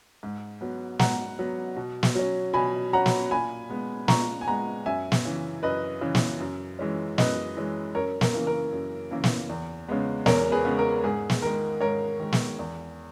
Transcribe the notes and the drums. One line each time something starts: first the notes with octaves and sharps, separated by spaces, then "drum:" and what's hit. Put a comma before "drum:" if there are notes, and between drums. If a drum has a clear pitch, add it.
G#2
F#3 B3
G#2 F#5 A#5, drum: snare
F#3 B3
B2
drum: snare
F#3 C#4
B2 G#5 B5
F#3 C#4 F#5 A#5
drum: snare
A#2 G#5 B5
G#3 B3
A#2 A#5 C#6, drum: snare
G#5
G#3 B3 F#5 A#5
F#2 E5 G#5
drum: snare
C#3 E3
F#2 B4 D#5
C#3 E3
drum: snare
F#2
E3 G#3 C#4
F#2 B4 D#5, drum: snare
E3 G#3 C#4
F#2 A#4 C#5
A#4, drum: snare
C#3 E3 A#3
A#4
F#2
C#3 E3 A#3
drum: snare
E2
C#3 G#3 B3
E2 A#4 C#5, drum: snare
G#4 B4
C#3 G#3 B3
A#4
G#2 G#4
drum: snare
D#3 G#3 A#4
G#2 A#4 C#5
D#3 G#3
drum: snare
E2